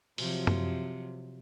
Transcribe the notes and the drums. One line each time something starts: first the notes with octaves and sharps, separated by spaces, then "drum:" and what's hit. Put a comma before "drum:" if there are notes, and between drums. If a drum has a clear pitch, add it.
C3 F3 F#3, drum: open hi-hat
drum: tom